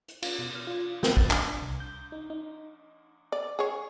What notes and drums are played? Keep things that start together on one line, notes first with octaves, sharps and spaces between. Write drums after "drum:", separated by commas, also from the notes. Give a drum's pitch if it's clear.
drum: hi-hat
F4, drum: cymbal
B2
F6
F4
G5, drum: snare
A6, drum: kick
D4, drum: clap
C2
G6
D#4
D#4
D5
G#4 C#5